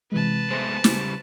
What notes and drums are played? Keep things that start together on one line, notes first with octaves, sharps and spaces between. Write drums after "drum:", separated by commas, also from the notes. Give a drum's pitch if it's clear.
C3 E3 G#3 B4 A5
G#3 A3 B3 C5 G#5 A#6
C#3 G3, drum: snare